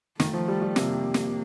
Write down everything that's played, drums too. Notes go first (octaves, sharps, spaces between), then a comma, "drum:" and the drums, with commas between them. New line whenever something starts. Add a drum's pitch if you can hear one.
D#3 A3, drum: snare
F3
G3
G3
C3 A#3, drum: snare
drum: snare